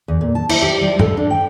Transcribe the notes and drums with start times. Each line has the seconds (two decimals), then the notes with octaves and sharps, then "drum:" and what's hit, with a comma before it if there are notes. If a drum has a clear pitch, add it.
0.08 E2
0.21 A#2
0.35 A5
0.49 E4, drum: cymbal
0.62 G4
0.81 G3
0.99 A4, drum: tom G2
1.17 D4
1.30 G5